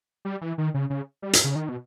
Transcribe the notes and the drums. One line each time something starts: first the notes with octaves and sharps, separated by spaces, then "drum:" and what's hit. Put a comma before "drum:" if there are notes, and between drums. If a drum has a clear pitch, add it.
G3
E3
D#3
C#3
C#3
G3
drum: hi-hat
C#3
D#3
B2